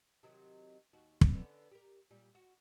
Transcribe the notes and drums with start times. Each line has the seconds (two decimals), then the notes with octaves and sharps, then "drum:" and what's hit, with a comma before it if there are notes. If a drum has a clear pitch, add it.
0.23 C3 D#3 F#3
0.93 D#2 F#4
1.21 drum: kick
1.33 D3 B3 C#4
1.71 G4 A#4
2.10 A#2 G3
2.35 F#4